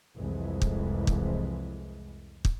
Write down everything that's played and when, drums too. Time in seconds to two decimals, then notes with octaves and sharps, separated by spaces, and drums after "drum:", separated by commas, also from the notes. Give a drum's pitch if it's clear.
0.16 C2 F2 E3 G#3
0.62 drum: kick
1.07 drum: kick
2.45 drum: kick